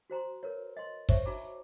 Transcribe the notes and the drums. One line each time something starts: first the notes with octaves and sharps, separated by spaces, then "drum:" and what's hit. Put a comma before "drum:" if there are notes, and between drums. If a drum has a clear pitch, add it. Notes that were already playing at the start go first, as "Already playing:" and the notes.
F#4 C5 A#5 C6
A#4 B4 C#5
D#5 C6
C5 C#5 E5 C#6, drum: kick
D#4 F#4 A#5 B5 D6